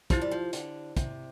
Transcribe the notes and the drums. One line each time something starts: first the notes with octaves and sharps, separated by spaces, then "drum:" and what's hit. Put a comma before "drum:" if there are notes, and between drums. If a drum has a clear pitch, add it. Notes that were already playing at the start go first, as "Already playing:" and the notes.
F3 E4 G4 C5, drum: kick, hi-hat
G3
F3
D3, drum: hi-hat
C3, drum: kick, hi-hat